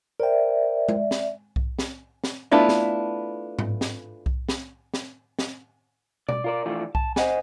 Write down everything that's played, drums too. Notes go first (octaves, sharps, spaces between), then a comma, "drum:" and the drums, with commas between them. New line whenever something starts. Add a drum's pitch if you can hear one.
A#4 C5 D5 E5 G5
drum: tom G#3
drum: snare
drum: kick B1
drum: snare
drum: snare
A3 B3 D4 E4 F4
drum: snare
drum: tom G#2
drum: snare
drum: kick B1
drum: snare
drum: snare
drum: snare
D5, drum: tom B2
F4 A#4 D5
E3 F3 A3 D4 F4 D5
A5, drum: kick B1
C5 C#5 D#5 F#5 G#5, drum: snare